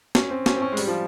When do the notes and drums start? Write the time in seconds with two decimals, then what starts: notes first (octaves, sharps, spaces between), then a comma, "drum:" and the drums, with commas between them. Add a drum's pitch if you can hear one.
0.15 C#4, drum: snare
0.30 C4
0.46 C#4, drum: snare
0.56 C4
0.62 C#4
0.72 G#3
0.77 G3, drum: open hi-hat
0.87 F3